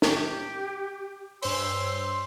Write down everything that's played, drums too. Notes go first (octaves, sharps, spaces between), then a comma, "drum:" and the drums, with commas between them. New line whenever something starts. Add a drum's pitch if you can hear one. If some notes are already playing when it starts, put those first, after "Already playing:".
G4, drum: snare
G2 C5 C#5 C6 E6, drum: open hi-hat